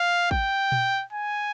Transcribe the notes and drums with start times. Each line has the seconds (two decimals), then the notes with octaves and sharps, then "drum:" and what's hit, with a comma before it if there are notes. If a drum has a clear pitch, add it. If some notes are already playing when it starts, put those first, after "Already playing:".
Already playing: F5
0.31 G5, drum: kick
0.72 drum: tom A#2
1.13 G#5